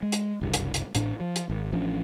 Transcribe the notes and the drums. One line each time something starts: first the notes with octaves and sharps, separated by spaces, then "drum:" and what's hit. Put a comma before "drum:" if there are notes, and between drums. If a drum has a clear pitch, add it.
G#3
drum: hi-hat
F#1 C2 G2
drum: hi-hat
drum: hi-hat
A1 A2 D4, drum: hi-hat
F3
drum: hi-hat
G#1
A1 F3 C#4 D4